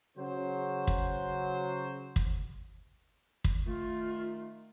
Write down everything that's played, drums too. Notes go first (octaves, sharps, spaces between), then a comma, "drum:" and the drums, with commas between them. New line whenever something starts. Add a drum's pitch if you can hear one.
C#3 F#3 C5
drum: kick
drum: kick
drum: kick
D#3 A3 F4